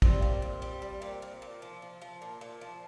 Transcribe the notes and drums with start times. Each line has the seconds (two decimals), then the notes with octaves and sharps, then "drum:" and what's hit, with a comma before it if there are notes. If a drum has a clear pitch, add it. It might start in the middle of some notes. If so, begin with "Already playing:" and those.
0.02 G3 C4, drum: kick
0.22 A#2
0.42 A#2
0.62 G3
0.82 G3
1.02 A#2
1.22 A#2
1.42 A#2
1.62 F3
1.82 F3
2.02 F3
2.22 A#2
2.41 A#2
2.61 F3